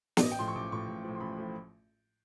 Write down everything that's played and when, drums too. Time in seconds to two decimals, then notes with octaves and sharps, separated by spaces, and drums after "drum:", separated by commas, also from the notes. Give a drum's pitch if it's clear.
0.17 D5, drum: snare
0.22 A1 D#5
0.31 G5
0.39 A2 F3 C6
0.47 C#6
0.55 A1 D6
0.72 A2 F3 C#6
0.87 A1
1.04 A2 F3
1.15 C6
1.20 A1 B5
1.37 A2 F3